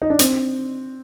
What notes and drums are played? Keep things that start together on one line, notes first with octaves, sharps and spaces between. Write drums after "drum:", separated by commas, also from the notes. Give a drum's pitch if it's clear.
D#4
D4
C4, drum: hi-hat